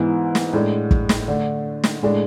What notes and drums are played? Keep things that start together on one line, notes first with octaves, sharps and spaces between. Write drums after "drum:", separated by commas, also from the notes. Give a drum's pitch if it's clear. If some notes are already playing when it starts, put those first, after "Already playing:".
Already playing: G#2 E3 B3 E4
drum: snare
A2 G#3 D4
drum: kick
drum: snare
D3 A3 D4
drum: snare
A2 G#3 D4